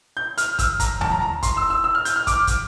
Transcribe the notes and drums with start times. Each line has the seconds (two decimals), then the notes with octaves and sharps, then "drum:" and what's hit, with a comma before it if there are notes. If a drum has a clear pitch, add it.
0.17 G6
0.38 F6, drum: hi-hat
0.59 E6, drum: kick, hi-hat
0.80 A#5, drum: kick, hi-hat
1.01 A5, drum: tom D#2
1.12 A#5
1.22 A#5
1.43 C6, drum: kick, hi-hat
1.57 E6
1.70 E6
1.84 E6
1.95 F6
2.05 G6, drum: hi-hat
2.16 F6
2.27 D6, drum: kick, hi-hat
2.47 drum: kick, hi-hat